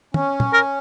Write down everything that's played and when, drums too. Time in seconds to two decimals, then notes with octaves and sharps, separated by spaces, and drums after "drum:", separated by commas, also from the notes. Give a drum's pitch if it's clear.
0.14 C#4, drum: tom
0.40 drum: tom
0.53 A#4